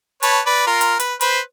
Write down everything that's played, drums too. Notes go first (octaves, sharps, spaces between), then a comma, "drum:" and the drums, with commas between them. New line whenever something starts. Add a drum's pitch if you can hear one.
B4 C#5 A5, drum: hi-hat
B4 D5
F4 A#4
drum: hi-hat
B4, drum: hi-hat
B4 C5, drum: hi-hat